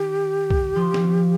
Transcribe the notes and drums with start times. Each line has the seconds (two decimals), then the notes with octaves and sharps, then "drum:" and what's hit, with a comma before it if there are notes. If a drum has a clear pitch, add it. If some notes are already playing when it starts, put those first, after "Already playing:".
Already playing: D#3 G4
0.50 drum: kick B1
0.76 F3 F4
0.94 drum: snare